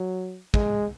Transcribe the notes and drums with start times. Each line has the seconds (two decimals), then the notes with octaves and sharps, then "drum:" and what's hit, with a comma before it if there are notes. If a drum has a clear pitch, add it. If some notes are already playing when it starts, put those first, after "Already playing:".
Already playing: F#3
0.54 G#3, drum: kick